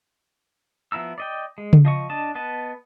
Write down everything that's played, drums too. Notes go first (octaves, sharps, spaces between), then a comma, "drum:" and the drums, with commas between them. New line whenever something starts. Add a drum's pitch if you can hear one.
F3 B3 E4 A#5 E6
D5 D#5 G5
G#3
drum: tom C#3
F3 D#5 C#6
D4 D#5 A5
B3 B4 D#5 A5